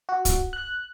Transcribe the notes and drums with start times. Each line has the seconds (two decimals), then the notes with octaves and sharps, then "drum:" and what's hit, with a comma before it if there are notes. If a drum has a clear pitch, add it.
0.09 F#4
0.25 drum: kick, hi-hat
0.53 F#6